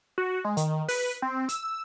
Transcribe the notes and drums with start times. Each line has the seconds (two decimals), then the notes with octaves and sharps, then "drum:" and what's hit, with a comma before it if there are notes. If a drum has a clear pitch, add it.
0.18 F#4
0.45 G#3
0.57 D#3, drum: hi-hat
0.88 B4, drum: open hi-hat
1.22 C4
1.49 E6, drum: hi-hat